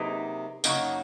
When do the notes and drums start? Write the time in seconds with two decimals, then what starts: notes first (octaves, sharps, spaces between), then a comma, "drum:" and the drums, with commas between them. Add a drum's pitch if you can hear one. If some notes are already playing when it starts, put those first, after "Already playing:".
Already playing: C3 F#3 A#3 D#4 G#4 B4
0.64 F#2 C#3 F#3 A#3 D#4, drum: tambourine